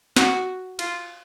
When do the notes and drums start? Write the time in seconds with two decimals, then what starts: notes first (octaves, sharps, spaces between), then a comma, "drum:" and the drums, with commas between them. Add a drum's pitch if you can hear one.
0.16 F#4, drum: snare
0.79 F4, drum: cymbal